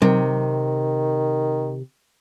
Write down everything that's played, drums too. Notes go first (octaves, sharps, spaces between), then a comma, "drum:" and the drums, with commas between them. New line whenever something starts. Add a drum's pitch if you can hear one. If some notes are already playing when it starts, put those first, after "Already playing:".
C3 D#3, drum: tom F#3